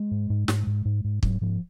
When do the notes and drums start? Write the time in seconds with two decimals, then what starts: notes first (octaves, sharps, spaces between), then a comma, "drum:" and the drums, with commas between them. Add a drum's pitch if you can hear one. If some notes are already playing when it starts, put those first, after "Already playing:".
Already playing: G#3
0.11 G#2
0.30 G#2
0.48 G#2, drum: snare
0.67 G#2
0.85 G#2
1.04 G#2
1.23 G#2 F#3, drum: kick
1.41 G#2 F3